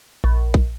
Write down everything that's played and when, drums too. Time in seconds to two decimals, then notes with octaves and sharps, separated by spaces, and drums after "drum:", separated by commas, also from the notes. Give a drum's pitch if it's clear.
0.24 A#1
0.54 drum: kick